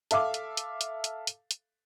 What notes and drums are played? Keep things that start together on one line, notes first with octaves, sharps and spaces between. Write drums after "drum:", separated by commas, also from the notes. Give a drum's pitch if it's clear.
A4 E5 F5 D6, drum: hi-hat
drum: hi-hat
drum: hi-hat
drum: hi-hat
drum: hi-hat
drum: hi-hat
drum: hi-hat